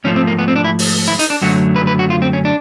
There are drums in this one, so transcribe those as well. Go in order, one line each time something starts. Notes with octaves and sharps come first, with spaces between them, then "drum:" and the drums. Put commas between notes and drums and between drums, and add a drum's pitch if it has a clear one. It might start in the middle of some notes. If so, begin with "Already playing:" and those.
G#2 F3 A3 C#4
C4
A#3
B3
C4
D4
E4
drum: open hi-hat
E4
D#4, drum: hi-hat
D4
F#2 D3 F#3 A3 F#4
B4
B4
F#4
F4
C4
C#4
D4